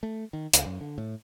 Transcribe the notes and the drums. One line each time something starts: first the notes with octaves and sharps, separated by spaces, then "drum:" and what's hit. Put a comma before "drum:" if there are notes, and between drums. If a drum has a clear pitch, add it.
A3
D#3
C#2, drum: hi-hat
F#2
D3
A2